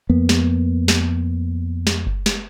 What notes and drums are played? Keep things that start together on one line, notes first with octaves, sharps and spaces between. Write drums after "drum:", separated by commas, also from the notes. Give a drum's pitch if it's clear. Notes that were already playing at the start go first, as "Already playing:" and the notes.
F2 A#3 B3
drum: snare
drum: snare
drum: snare
drum: kick F#1
drum: snare